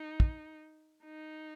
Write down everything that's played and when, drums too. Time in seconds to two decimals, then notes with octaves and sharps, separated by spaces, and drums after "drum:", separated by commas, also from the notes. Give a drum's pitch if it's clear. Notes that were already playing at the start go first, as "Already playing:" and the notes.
Already playing: D#4
0.20 drum: kick
1.04 D#4